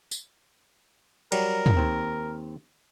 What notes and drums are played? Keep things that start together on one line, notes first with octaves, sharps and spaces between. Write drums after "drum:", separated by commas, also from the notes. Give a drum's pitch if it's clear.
drum: tambourine
F#3 G3 A#4, drum: cymbal
drum: tom
D#2 C4